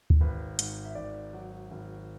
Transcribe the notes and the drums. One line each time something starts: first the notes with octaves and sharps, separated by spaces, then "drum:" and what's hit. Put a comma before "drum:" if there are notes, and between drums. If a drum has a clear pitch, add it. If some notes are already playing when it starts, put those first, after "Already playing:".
drum: kick
G#1 B4
G#2, drum: hi-hat
E5
G#1 D5
F#3
G#1